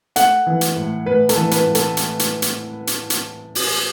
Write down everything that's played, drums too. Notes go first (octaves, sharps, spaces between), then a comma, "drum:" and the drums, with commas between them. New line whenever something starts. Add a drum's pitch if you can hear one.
A3 F#5, drum: hi-hat
E3
drum: hi-hat
A2
A2 B4
A4, drum: hi-hat
E3
B4, drum: hi-hat
A2
A4, drum: hi-hat
drum: hi-hat
drum: hi-hat
drum: hi-hat
drum: hi-hat
drum: hi-hat
drum: open hi-hat